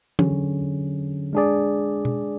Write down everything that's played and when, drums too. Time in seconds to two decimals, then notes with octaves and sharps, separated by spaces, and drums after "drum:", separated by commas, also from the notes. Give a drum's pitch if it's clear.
0.19 D3 F#3 C#4 G#4, drum: tom
1.33 G#3 D4 G#4 D5
2.05 drum: tom B2